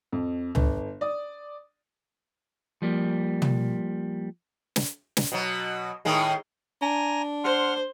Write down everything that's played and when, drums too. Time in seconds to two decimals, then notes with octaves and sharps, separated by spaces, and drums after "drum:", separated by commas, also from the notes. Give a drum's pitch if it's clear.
0.13 F2
0.55 G1, drum: tom C#2
1.01 D5 D#6
2.82 F3 G3 A#3
3.42 drum: tom
4.76 drum: snare
5.17 drum: snare
5.32 B2 F#3
6.05 A2 D#3 G#3
6.82 D4 G#5 A#5
7.44 C5 F#5 C6 F6